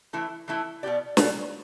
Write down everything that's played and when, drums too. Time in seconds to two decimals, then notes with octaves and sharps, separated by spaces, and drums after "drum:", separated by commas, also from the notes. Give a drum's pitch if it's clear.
0.13 E3 A3 E4
0.48 E3 A3 E4
0.83 B2 B3 G4 D5
1.17 B2 B3 G4 D5, drum: snare